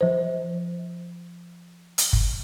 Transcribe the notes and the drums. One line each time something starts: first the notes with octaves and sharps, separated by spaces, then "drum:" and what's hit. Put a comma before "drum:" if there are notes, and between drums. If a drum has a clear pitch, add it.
F3 C5
drum: hi-hat
drum: kick